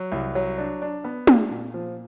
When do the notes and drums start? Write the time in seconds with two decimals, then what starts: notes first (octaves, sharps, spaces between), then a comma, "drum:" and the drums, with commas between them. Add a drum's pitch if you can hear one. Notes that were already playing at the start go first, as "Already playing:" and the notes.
Already playing: F#3
0.12 C2
0.35 F#3
0.58 D4
0.82 D4
1.04 B3
1.27 D4, drum: tom
1.51 A#2
1.74 F3